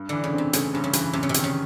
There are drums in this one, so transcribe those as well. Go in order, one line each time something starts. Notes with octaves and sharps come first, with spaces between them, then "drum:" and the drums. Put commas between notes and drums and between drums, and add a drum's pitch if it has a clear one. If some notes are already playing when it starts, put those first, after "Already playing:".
Already playing: G2
D3 E3
C#3
C3 C4
C#3 A3, drum: hi-hat
G2 C3
C#3
E3, drum: hi-hat
F#2 C3
C#3
C3
D#3, drum: hi-hat
C#3